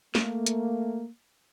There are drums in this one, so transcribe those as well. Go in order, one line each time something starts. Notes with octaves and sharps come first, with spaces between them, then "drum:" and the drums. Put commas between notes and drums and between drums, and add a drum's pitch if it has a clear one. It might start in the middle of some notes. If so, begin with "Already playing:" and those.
A3 A#3, drum: snare
drum: hi-hat